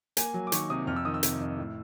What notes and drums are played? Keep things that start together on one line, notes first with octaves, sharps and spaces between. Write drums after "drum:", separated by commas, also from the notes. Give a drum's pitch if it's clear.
A#3 G#5, drum: hi-hat
F#3
D6
D#3 C#6, drum: hi-hat
C3 D#6
F2 F6
E6
D#3 D#6
E6
C3, drum: hi-hat
F2
A2